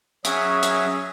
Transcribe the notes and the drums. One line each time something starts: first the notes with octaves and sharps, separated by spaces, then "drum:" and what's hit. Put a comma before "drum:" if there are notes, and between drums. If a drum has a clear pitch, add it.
F#3 C#4 G#4 E5, drum: hi-hat
drum: hi-hat